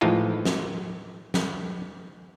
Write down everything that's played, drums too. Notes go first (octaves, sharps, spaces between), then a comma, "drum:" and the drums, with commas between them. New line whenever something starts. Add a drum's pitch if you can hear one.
A2 E3 F3 G#3 D#4 F4
drum: snare
drum: snare